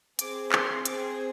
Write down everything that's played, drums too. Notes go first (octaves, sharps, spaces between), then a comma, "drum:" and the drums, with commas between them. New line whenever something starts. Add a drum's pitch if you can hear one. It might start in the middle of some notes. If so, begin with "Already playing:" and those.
C4 G#4 D6, drum: hi-hat
C6, drum: clap
C4 G#4 D6, drum: hi-hat